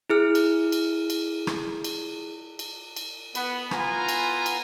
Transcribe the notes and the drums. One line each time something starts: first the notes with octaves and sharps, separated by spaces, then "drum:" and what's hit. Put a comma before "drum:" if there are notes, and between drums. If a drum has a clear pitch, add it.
E4 G#4 F6
drum: cymbal
drum: cymbal
drum: cymbal
drum: rim click
drum: cymbal
drum: cymbal
drum: cymbal
B3, drum: cymbal
B3 E4 F4 G#5 A#5, drum: rim click
drum: cymbal
drum: cymbal